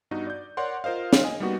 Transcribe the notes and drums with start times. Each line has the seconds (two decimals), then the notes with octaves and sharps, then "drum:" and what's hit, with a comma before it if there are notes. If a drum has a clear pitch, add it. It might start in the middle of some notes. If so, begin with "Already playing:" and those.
0.11 G2 B3 D#4 F#4
0.27 D5 G6
0.57 A#4 C#5 D5 F#5 C6
0.84 F4 A#4 C5 D#5 F5
1.13 drum: snare
1.24 D#5 G#5
1.40 G3 A#3 B3 D#4 F#4